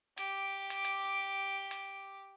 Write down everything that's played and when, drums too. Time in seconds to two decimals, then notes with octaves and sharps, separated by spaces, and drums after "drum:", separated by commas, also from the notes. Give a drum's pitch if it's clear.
0.18 G4 D6, drum: hi-hat
0.70 drum: hi-hat
0.85 drum: hi-hat
1.71 drum: hi-hat